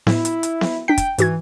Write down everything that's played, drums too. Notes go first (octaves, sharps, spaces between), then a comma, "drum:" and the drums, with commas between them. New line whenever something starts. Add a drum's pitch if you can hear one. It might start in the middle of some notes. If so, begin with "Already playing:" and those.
A2 E4, drum: snare B3
drum: hi-hat
drum: hi-hat
drum: snare B3
D4 G5 B6
drum: kick, hi-hat
G#2 E3 F#4 G#6, drum: hi-hat